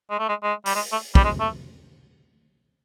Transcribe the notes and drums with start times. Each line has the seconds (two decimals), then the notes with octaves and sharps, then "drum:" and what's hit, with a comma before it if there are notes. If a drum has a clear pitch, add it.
0.10 G#3
0.19 A3
0.29 G#3
0.43 G#3
0.66 G3, drum: open hi-hat
0.75 G#3
0.92 A3
1.15 G3, drum: kick
1.24 G#3
1.40 A3